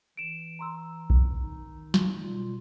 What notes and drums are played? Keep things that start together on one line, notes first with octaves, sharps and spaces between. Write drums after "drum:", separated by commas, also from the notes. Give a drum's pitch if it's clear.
E3 D7 E7
A#5 C6 E6
drum: kick A#1
D#3 D#4
drum: snare
B2 G3 F4